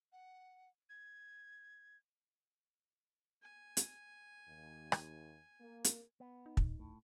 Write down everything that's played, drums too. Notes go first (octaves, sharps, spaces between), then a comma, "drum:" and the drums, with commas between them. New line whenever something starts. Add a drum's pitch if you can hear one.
F#5
G#6
G#5
drum: hi-hat
D#2
drum: rim click
A#3
drum: hi-hat
B3
D#4
drum: kick
A2